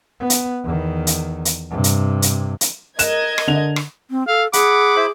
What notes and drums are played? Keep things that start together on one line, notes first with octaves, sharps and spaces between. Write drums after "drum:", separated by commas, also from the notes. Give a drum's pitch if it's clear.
B3
drum: hi-hat
E2 D#3
drum: hi-hat
drum: hi-hat
G2 C3
drum: hi-hat
drum: hi-hat
drum: hi-hat
A#4 D#5 F#6 G#6 E7, drum: hi-hat
drum: rim click
D3 F7
drum: rim click
C4
A4 F5
G#4 F#5 B5 D6, drum: hi-hat
E4 C5 B5